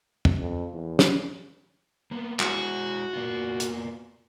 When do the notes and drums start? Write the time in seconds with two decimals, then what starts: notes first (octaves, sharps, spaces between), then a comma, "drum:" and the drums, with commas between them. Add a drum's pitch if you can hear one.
0.25 drum: tom
0.39 F2
0.74 E2
0.99 drum: snare
2.11 A#3 B3
2.40 G#3 E4 F#4 G#4, drum: clap
3.13 A#3 B3 F4
3.60 drum: hi-hat